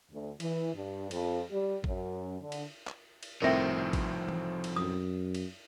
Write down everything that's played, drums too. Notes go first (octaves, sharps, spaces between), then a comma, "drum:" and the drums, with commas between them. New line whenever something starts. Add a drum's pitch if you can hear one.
D2
E3, drum: cymbal
G2
F2, drum: cymbal
G3
F#2, drum: kick
D3
drum: cymbal
drum: clap
drum: cymbal
C2 A2 F3 C4 D#4 A#4 E5 G5
drum: kick, cymbal
drum: tom E3
drum: cymbal
F#2 D#6
drum: cymbal